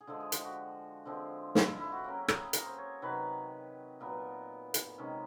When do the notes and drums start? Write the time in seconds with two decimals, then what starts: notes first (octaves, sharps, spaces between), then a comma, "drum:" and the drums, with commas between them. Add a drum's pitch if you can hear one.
0.01 G#4
0.07 D3 F3 G#3 A4
0.20 G#4
0.32 G4, drum: hi-hat
0.44 F#4
1.05 D3 F3 G#3 C4
1.55 E4, drum: snare
1.67 F4
1.80 E4
1.92 F#4
2.04 F#3 A#3 C#4 G4
2.28 G#4, drum: rim click
2.53 A#4, drum: hi-hat
2.66 C5
2.78 C#5
3.02 C3 D#3 F#3 B4
4.00 A#2 F#3 B3 A#4
4.74 drum: hi-hat
4.98 C3 D#3 G#3 C#4